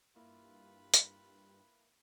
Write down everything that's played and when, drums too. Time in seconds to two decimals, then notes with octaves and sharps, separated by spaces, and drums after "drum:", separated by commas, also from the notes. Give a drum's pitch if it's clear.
0.16 G2 A#3 E4 F4 B4
0.94 drum: hi-hat